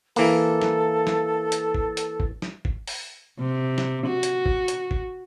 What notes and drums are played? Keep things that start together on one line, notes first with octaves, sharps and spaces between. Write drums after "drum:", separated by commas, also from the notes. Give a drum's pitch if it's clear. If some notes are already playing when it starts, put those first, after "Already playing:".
E3 A#3 A4, drum: open hi-hat
drum: snare
drum: snare
drum: hi-hat
drum: kick G1
drum: hi-hat
drum: kick G1
drum: snare
drum: kick G1
drum: open hi-hat
C3
drum: snare
F#4
drum: hi-hat
drum: kick G1
drum: hi-hat
drum: kick G1